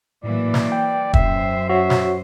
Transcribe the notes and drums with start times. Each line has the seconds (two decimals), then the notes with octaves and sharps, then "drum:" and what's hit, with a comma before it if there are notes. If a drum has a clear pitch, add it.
0.24 A2 E3 F#3 A#3 D5
0.54 drum: snare
0.72 G5
1.14 F#2 C5 E5, drum: kick
1.69 F#4 C#5 E5
1.90 drum: snare